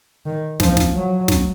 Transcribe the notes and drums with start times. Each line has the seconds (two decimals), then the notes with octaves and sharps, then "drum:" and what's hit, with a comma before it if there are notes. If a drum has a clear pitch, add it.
0.26 D#3
0.60 F3, drum: snare
0.77 drum: snare
0.94 F#3
1.28 drum: snare